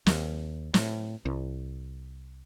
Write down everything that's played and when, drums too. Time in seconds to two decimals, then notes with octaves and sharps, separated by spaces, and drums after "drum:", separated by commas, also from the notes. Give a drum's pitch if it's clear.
0.06 D#2, drum: snare
0.74 A2, drum: snare
1.25 C2